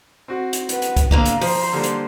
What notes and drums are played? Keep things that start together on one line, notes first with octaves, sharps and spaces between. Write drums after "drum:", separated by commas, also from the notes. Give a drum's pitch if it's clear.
C4 F#4
drum: hi-hat
B4 F#5, drum: hi-hat
drum: hi-hat
drum: kick, hi-hat
D3 A#3 B3 F5 A#5, drum: kick
drum: hi-hat
F3 C5, drum: open hi-hat
D3 G3 A#3
drum: hi-hat